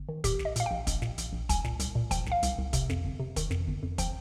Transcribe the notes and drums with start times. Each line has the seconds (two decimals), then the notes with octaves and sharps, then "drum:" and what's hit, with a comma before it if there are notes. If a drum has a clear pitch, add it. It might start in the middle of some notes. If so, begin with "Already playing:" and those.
Already playing: G1
0.09 D#3
0.24 A#2 G4, drum: kick, hi-hat
0.39 A#1, drum: snare
0.45 D#5
0.56 A#2 F5, drum: hi-hat
0.66 A#1 G5
0.87 A#1, drum: kick, hi-hat
1.02 A#2, drum: snare
1.18 A#1, drum: hi-hat
1.33 A#1
1.49 C2 G#5, drum: kick, hi-hat
1.65 A#2, drum: snare
1.80 C2, drum: hi-hat
1.95 A#2
2.11 F3 G5, drum: kick, hi-hat
2.26 C2, drum: snare
2.32 F5
2.43 C2, drum: hi-hat
2.58 C2
2.73 C3, drum: kick, hi-hat
2.90 F2, drum: snare
3.05 G1
3.20 C3
3.36 D#3, drum: kick, hi-hat
3.51 F2, drum: snare
3.67 G1
3.83 F2
3.98 F3 G5, drum: kick, hi-hat